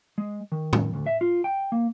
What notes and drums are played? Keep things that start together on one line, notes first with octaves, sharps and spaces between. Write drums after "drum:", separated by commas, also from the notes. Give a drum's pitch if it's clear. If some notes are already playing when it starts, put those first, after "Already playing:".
G#3
D#3
drum: tom
D2
E5
F4
G5
A#3